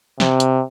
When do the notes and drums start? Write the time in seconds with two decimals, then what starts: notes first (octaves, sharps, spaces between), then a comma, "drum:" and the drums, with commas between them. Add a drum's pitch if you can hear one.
0.20 C3, drum: snare
0.40 drum: hi-hat